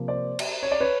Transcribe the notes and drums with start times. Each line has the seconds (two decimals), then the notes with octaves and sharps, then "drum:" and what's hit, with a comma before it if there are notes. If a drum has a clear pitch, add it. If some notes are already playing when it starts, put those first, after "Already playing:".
Already playing: C3 F3 A#3
0.08 C5 D5
0.39 drum: cymbal
0.63 C#5
0.71 D5
0.80 B4 C#5